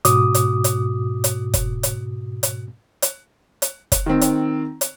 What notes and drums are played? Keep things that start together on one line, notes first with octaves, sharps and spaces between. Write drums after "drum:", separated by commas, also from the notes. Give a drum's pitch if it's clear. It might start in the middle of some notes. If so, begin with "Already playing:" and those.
G#2 B2 F#4 D6 D#6, drum: hi-hat
drum: hi-hat
drum: hi-hat
drum: hi-hat
drum: kick, hi-hat
drum: hi-hat
drum: hi-hat
drum: hi-hat
drum: hi-hat
drum: kick, hi-hat
D#3 C4
drum: hi-hat
drum: hi-hat